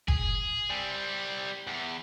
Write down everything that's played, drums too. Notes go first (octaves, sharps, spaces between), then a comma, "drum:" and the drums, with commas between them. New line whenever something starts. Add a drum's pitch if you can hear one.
G#4, drum: kick F#1
G3 C4
E2